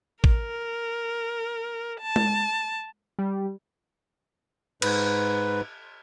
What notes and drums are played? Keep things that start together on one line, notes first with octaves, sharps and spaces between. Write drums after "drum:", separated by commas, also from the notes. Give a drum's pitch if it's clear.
A#4, drum: kick A1
A5
drum: tom G#3
G3
G#2 B4, drum: cymbal